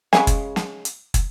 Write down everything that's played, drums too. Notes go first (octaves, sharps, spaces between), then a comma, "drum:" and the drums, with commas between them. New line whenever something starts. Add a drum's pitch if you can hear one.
C#3 G#3 G#5, drum: snare
drum: kick, hi-hat
drum: snare
drum: hi-hat
drum: kick, hi-hat